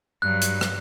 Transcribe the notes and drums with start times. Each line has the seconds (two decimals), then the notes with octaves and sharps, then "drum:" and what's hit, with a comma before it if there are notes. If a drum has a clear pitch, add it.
0.22 G2 F#3 F#6
0.42 drum: hi-hat
0.61 drum: rim click